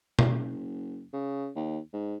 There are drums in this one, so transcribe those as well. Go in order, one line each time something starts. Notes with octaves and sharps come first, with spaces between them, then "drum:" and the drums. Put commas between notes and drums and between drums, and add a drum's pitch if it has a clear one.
A2, drum: tom B2
F#1
C#3
D#2
G#2